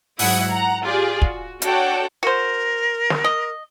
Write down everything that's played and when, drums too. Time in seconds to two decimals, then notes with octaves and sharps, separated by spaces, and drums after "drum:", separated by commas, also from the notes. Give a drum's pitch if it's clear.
0.19 G#2 F#3 E4 F#5 D#6, drum: open hi-hat
0.49 F#5 A#5
0.84 F4 G4 G#4 D5
1.22 F#4, drum: kick
1.62 D4 F#4 A4 C#5 F#5 G5, drum: hi-hat
2.23 F#4 A#4 C5
3.10 drum: snare
3.24 D#5